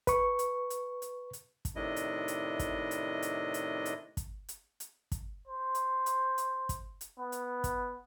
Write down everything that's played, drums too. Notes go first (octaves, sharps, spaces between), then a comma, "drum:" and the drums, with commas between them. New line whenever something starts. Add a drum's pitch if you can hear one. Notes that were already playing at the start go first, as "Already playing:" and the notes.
B4 C#6, drum: kick, hi-hat
drum: hi-hat
drum: hi-hat
drum: hi-hat
drum: hi-hat
drum: kick, hi-hat
A2 C3 D#3 D4 E4 D#5
drum: hi-hat
drum: hi-hat
drum: kick, hi-hat
drum: hi-hat
drum: hi-hat
drum: hi-hat
drum: hi-hat
drum: kick, hi-hat
drum: hi-hat
drum: hi-hat
drum: kick, hi-hat
C5
drum: hi-hat
drum: hi-hat
drum: hi-hat
drum: kick, hi-hat
drum: hi-hat
B3
drum: hi-hat
drum: kick, hi-hat